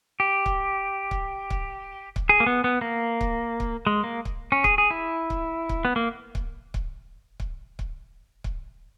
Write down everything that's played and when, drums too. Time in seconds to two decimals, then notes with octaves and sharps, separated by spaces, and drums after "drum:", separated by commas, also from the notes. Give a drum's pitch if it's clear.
0.20 G4
0.46 drum: kick C#1
1.11 drum: kick C#1
1.50 drum: kick C#1
2.16 drum: kick C#1
2.29 G#4
2.40 A#3
2.46 B3
2.64 B3
2.81 A#3
3.21 drum: kick C#1
3.60 drum: kick C#1
3.87 G#3
4.04 A#3
4.25 drum: kick C#1
4.52 C#4
4.64 G#4, drum: kick C#1
4.78 G#4
4.91 E4
5.30 drum: kick C#1
5.69 drum: kick C#1
5.85 B3
5.96 A#3
6.35 drum: kick C#1
6.74 drum: kick C#1
7.40 drum: kick C#1
7.79 drum: kick C#1
8.44 drum: kick C#1